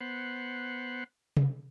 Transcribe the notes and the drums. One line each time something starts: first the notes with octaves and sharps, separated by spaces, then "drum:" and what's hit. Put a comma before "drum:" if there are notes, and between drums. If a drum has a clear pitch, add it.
B3 C5 F#5
drum: tom C3